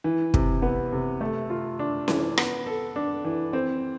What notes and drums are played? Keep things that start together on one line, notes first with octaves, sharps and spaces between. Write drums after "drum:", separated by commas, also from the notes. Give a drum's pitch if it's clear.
E3
C3, drum: kick
B3
C3
A3
F4
D4
E3, drum: snare C#4
B3, drum: rim click
A4
D4
E3
C4